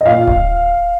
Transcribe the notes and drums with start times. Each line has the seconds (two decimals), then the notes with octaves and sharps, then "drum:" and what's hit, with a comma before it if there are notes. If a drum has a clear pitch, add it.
0.01 D#5
0.05 A#2 F5
0.27 drum: kick D1